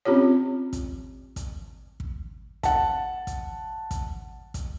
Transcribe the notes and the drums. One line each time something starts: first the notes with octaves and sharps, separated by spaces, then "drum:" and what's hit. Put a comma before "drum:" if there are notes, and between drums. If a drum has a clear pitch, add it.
C4 C#4 F4 G4 C#5
drum: kick, hi-hat
drum: kick, hi-hat
drum: kick
F#5 A5, drum: kick, hi-hat
drum: kick, hi-hat
drum: kick, hi-hat
drum: kick, hi-hat